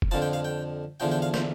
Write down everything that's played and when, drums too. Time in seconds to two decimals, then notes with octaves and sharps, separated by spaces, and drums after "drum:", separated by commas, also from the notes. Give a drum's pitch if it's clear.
0.02 drum: kick F1
0.11 F2 D3 F3 A5
0.22 G5
0.33 F5
0.45 G5
1.00 E2 D3 F3 G5
1.12 G5
1.22 F5
1.34 C5, drum: snare